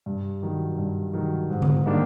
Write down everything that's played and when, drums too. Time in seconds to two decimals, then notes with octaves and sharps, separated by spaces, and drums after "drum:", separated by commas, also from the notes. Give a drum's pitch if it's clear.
0.06 G2
0.42 D#3 F#3
0.78 G2
1.13 D#3 F#3
1.50 G#2
1.62 drum: tom D3
1.86 D#3 G3 A#3 D4